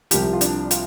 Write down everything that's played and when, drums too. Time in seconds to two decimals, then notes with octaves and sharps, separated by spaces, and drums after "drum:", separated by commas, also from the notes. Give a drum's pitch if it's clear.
0.11 C2 C3 F3 G4, drum: hi-hat
0.33 F4
0.41 D4, drum: hi-hat
0.71 F4, drum: hi-hat